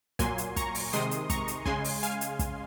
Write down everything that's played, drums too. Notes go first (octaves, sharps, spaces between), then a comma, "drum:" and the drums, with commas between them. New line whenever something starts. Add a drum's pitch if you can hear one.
A#2 F#3 A#3 G#5 C6, drum: kick, hi-hat
drum: hi-hat
A#5 C#6, drum: kick, hi-hat
drum: open hi-hat
C3 D#3 G#3 C6 D#6, drum: hi-hat
drum: hi-hat
A#5 C#6, drum: kick, hi-hat
drum: hi-hat
C#3 G#3 G#5 C6, drum: kick
drum: open hi-hat
F5 G#5, drum: hi-hat
drum: hi-hat
drum: kick, hi-hat